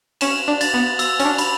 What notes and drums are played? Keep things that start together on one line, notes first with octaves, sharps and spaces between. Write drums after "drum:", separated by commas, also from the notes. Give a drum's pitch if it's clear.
C#4 E7, drum: cymbal
D4
A6, drum: cymbal
B3
E6, drum: cymbal
C#4, drum: cymbal
D4
B5, drum: cymbal